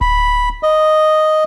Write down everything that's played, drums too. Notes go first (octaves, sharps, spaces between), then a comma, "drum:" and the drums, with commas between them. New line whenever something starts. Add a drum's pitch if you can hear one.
B5, drum: kick D1
D#5